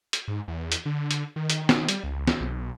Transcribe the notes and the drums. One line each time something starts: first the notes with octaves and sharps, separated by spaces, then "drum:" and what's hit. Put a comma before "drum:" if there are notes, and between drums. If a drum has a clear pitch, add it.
drum: hi-hat
G#2
E2
drum: hi-hat
D3
drum: hi-hat
D#3
drum: hi-hat
drum: snare
G3, drum: hi-hat
C#2
drum: snare
B1